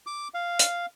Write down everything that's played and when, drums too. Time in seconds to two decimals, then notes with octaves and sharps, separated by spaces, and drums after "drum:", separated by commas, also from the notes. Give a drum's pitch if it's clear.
0.07 D6
0.34 F5
0.59 drum: hi-hat